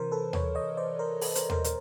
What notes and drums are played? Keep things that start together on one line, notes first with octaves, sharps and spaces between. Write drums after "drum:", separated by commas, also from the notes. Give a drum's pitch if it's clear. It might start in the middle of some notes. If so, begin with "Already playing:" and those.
Already playing: C3 E3 A#4 C5
A4 B4
B4 C#5, drum: tom D#2
C#5 D#5
C5 D5
A#4 C5
A4 B4, drum: open hi-hat
A#4 C5, drum: hi-hat
A#4 C5, drum: tom D#2
A#2 A#4 C5, drum: hi-hat